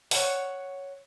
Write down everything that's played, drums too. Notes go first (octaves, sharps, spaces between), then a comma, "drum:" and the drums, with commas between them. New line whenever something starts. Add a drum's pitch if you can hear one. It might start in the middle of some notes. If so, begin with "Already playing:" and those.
C#5 F#5, drum: open hi-hat